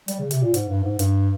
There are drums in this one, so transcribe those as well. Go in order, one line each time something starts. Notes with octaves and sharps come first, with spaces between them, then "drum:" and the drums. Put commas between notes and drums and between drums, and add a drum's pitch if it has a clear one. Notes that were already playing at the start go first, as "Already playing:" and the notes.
G3, drum: hi-hat
C#3
C3, drum: hi-hat
A#2
G#2, drum: hi-hat
G2
G#2
G2, drum: hi-hat